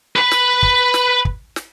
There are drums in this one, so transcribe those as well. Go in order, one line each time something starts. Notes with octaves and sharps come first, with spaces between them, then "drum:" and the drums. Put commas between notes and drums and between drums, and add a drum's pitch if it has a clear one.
B4 B5
drum: snare
drum: kick
drum: snare
drum: kick
drum: snare